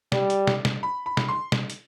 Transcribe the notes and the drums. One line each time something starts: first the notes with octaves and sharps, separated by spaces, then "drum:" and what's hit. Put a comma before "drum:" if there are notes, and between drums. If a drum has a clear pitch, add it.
G3 D5, drum: snare
drum: hi-hat
drum: snare
drum: snare
B5
B5
drum: snare
C6
drum: snare
drum: hi-hat